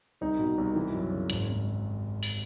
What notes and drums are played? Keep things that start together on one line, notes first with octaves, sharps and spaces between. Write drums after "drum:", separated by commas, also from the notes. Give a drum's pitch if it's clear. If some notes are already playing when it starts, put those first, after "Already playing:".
C2 D#4
B2
C2
E3
F#2
C#3
G#1, drum: hi-hat
G#1
drum: open hi-hat